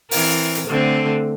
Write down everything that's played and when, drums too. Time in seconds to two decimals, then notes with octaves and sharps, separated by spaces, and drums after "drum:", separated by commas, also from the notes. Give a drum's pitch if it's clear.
0.11 E3 C4 A#4, drum: open hi-hat
0.55 drum: hi-hat
0.68 D3 A3 C4